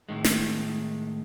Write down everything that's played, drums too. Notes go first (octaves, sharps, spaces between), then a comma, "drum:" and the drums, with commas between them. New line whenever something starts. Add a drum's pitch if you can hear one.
A2 D#3 G#3
drum: snare